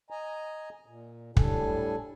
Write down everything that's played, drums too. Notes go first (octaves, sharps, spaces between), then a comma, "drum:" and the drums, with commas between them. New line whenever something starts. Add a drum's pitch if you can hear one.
D#5 G#5 A#5
A#2
A2 G3 D4 A4 G#5, drum: kick